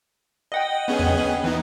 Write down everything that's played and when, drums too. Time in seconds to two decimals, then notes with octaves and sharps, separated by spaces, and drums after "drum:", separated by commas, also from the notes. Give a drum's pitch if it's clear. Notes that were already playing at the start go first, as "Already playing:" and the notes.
0.52 D#5 F#5 G5
0.88 B3 C#4 G#4
0.99 drum: tom E2
1.44 E3 B3 D#4